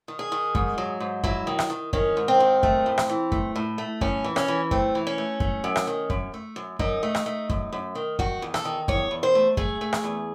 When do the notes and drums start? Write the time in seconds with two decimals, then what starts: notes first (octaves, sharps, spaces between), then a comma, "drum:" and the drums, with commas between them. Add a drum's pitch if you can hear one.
0.08 D#3
0.19 G#4
0.32 D#3
0.55 G#2, drum: kick F#2
0.78 F#3
1.00 G#2
1.24 F#3 E4, drum: kick F#2
1.47 D#3
1.59 drum: rim click
1.70 D#3
1.93 D#3 C#4, drum: kick F#2
2.17 G#2
2.28 C4
2.40 D#3
2.63 A3, drum: kick F#2
2.86 A2
2.98 drum: rim click
3.10 E3
3.32 A3, drum: kick F#2
3.56 A2
3.78 A3
4.01 A2 C#4, drum: kick F#2
4.24 E3
4.36 C#4, drum: rim click
4.48 E3
4.71 A3 C4, drum: kick F#2
4.95 E3
5.07 C#4
5.18 A3
5.40 A3, drum: kick F#2
5.64 F#2
5.76 drum: rim click
5.87 D#3
6.10 F#2, drum: kick F#2
6.34 A3
6.56 F#2
6.79 F#2 D#4, drum: kick F#2
7.03 A3
7.15 drum: rim click
7.26 A3
7.50 F#2, drum: kick F#2
7.73 F#2
7.95 D#3
8.19 D#3 F#4, drum: kick F#2
8.42 E2
8.54 A4, drum: rim click
8.65 D#3
8.88 E2 C#5, drum: kick F#2
9.11 E2
9.23 C5
9.35 A3
9.57 A3 G#4, drum: kick F#2
9.81 A3
9.93 drum: rim click
10.04 E2